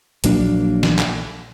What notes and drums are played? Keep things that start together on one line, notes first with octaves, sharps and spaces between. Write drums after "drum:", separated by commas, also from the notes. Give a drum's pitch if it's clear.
A#1 F#3 A#3 D4, drum: hi-hat
drum: snare
drum: clap